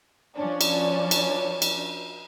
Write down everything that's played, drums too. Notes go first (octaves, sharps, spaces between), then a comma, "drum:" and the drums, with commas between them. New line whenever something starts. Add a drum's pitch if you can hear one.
F3 C#4 D4
drum: cymbal
drum: cymbal
drum: cymbal